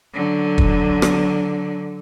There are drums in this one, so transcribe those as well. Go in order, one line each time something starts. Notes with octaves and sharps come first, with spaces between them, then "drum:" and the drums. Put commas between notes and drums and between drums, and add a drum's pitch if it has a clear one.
D3 F#3
drum: kick
drum: rim click